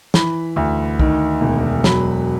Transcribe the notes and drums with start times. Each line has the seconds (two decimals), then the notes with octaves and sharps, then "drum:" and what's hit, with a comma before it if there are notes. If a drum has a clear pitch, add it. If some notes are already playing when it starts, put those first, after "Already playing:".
0.14 E3 B5, drum: snare
0.56 D2
1.00 D#3, drum: kick B1
1.41 E1
1.84 F#3 B5, drum: snare